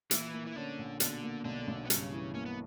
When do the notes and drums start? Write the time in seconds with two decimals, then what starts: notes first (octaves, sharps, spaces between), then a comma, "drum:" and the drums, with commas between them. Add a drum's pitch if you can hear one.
0.11 A#2 E3 E4, drum: hi-hat
0.34 A#3
0.47 E4
0.56 D3 C#4 D4
0.79 A#1
1.00 B2 D3 D4, drum: hi-hat
1.23 A#3
1.45 B1 D3 D4
1.68 B1
1.86 B3
1.90 G2 C#3 C#4, drum: hi-hat
2.12 E3
2.34 A#3 C#4
2.46 B3